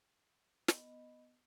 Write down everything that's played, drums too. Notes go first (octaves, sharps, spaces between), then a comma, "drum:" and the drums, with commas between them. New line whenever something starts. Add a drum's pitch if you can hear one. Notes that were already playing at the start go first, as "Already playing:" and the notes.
B3 D#5, drum: snare